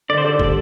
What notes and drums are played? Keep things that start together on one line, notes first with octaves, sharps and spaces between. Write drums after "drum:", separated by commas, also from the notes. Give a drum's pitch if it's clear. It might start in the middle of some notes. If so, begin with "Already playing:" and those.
D3 D5
C5
A4 D5
G3, drum: kick